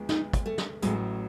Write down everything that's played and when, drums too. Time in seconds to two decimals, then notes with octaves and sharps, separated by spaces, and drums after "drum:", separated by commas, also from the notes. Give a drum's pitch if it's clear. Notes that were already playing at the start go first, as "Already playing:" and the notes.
Already playing: D2 F3 G#3 B3
0.09 D#4, drum: snare
0.33 drum: kick, hi-hat
0.46 A3
0.58 drum: snare
0.82 A1 A2 F#3 G#3, drum: hi-hat